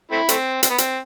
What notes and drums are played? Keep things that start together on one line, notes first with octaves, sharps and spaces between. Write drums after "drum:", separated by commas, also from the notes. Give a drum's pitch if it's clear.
A3 C4 E4
A3 C4, drum: hi-hat
C4, drum: hi-hat
B3
C4, drum: hi-hat